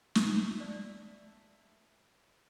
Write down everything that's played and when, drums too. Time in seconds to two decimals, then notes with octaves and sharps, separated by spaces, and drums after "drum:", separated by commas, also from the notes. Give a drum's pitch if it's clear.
0.15 E5 A5, drum: snare
0.60 D5